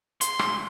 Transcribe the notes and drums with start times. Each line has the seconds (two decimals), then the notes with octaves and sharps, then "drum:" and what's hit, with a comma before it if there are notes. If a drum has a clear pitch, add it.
0.21 C6, drum: hi-hat
0.39 drum: rim click